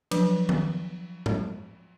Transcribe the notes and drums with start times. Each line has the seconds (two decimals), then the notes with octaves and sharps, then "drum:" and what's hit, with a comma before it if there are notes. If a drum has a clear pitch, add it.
0.11 F3 F#3 D4 B4, drum: cymbal
0.49 drum: tom
1.26 drum: tom